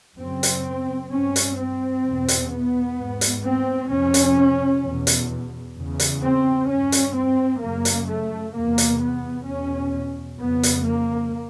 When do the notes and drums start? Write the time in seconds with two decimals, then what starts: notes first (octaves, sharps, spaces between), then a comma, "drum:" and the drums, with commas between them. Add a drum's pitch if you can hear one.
0.19 F#2 C#3 C4
0.43 drum: hi-hat
1.12 G2 C#4
1.36 drum: hi-hat
1.58 C4
2.05 E2 B2
2.28 drum: hi-hat
2.52 B3
2.98 G#2
3.21 drum: hi-hat
3.45 C4
3.90 F2 C3 C#4
4.14 drum: hi-hat
4.84 E2 B2
5.07 drum: hi-hat
5.77 E2 C#3
6.00 drum: hi-hat
6.22 C4
6.69 G2 C#4
6.92 drum: hi-hat
7.15 C4
7.62 F#2 C#3 A#3
7.85 drum: hi-hat
8.08 A3
8.55 E2 C3 A#3
8.78 drum: hi-hat
9.01 B3
9.47 E2 B2 C#4
10.40 F2 C#3 B3
10.63 drum: hi-hat
10.86 A#3